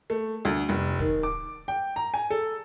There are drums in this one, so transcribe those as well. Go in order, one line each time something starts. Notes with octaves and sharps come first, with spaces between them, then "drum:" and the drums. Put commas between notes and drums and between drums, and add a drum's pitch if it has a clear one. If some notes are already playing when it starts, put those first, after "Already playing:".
A3
D2
F1
D#3, drum: kick
D6
G5
A#5
G#5
A4